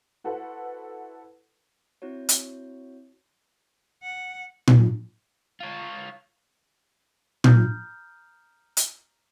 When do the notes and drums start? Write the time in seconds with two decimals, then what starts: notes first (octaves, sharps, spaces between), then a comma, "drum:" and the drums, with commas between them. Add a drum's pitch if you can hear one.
0.24 E4 F#4 A4 B4 C5 F#5
2.02 C4 E4 F#4 C#5
2.29 drum: hi-hat
4.03 F#5
4.68 drum: tom A#2
5.61 F4 C#5
7.44 A#5 D#6 F6 G6, drum: tom A#2
8.77 drum: hi-hat